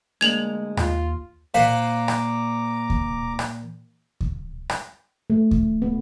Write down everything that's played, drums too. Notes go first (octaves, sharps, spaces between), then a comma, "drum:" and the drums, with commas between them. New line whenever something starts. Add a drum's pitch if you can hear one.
D2 G#3 A#3 G#6 F7 F#7
D#2 F4, drum: rim click
A#2 C5 F5 F#5 A#5 D6
drum: rim click
drum: kick D2
drum: rim click
drum: kick D2
drum: rim click
A3
drum: kick D2
B3